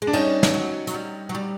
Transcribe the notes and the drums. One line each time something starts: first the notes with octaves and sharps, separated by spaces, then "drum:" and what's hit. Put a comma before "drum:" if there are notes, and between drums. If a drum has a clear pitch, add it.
G#3
D4
G3 C#4 D#4, drum: cymbal
drum: snare
F#3
F#3, drum: hi-hat
G3
F#3
G3